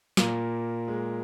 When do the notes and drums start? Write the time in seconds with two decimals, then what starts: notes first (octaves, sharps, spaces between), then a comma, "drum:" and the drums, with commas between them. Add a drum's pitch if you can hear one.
0.17 A#2 A#3, drum: snare
0.88 G#3